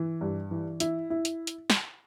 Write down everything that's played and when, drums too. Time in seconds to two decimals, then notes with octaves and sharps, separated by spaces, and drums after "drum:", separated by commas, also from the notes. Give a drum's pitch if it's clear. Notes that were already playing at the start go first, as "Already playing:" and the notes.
Already playing: E3
0.21 G2
0.51 E3
0.80 E4, drum: hi-hat
1.10 E4
1.25 drum: hi-hat
1.47 drum: hi-hat
1.70 drum: snare